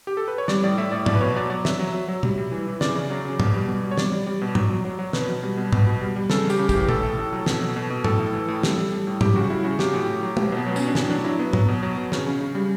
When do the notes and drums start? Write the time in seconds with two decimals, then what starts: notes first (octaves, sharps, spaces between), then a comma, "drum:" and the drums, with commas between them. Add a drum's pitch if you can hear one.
0.07 G4
0.17 A4
0.28 B4
0.38 C#5
0.48 G3 D5, drum: snare
0.64 A2 D5
0.78 A2 E5
0.92 A2 D5
1.06 B2 D5, drum: tom
1.15 B4
1.21 B2 C#5
1.36 F#3 D5
1.50 F#3 D5
1.65 F#3 E5, drum: snare
1.79 F#3
1.94 F#3
2.08 F#3
2.23 G3, drum: tom
2.38 G3
2.52 E3
2.67 E3
2.81 C#3 D5, drum: snare
2.95 C#3
3.10 F#3
3.25 C#3
3.40 B2, drum: tom
3.54 G3
3.68 B2
3.84 G3
3.91 C#5
3.98 G3 D5, drum: snare
4.12 G3
4.26 G3
4.42 B2
4.55 F#3, drum: tom
4.71 F#3
4.85 F#3
4.99 F#3
5.13 B2 B4, drum: snare
5.29 B2
5.43 G3
5.57 B2
5.73 B2, drum: tom
5.87 B2
6.01 G3
6.16 G3
6.30 C#3 A4, drum: snare
6.45 G3
6.50 G4, drum: tambourine
6.59 C#3
6.69 E3 G4, drum: kick, tambourine
6.89 A2 A4, drum: tom
7.03 A2
7.18 A2
7.32 F#3
7.46 B2, drum: snare
7.61 B2
7.76 B2
7.90 B2
8.04 A2 A4, drum: tom
8.19 A2
8.33 E3
8.48 A2
8.63 G3, drum: snare
8.78 G3
8.92 G3
9.07 A2
9.21 G3 G4, drum: tom
9.36 C#3 F#4
9.50 G3 E4
9.64 C#3 F#4
9.79 F#3 G4, drum: snare
9.93 A2
10.09 A2
10.23 F#3
10.37 B2 G4, drum: tom
10.52 B2 B3
10.66 F#3
10.76 B2 C#4, drum: tambourine
10.87 D4
10.95 A2 C#4, drum: snare
11.09 F#3 D4
11.24 F#3 E4
11.39 F#3 B3
11.53 F#3, drum: tom
11.68 B2
11.83 F#3
11.97 B2
12.12 C#3 C#4, drum: snare
12.27 C#3
12.41 C#3 C#4
12.55 G3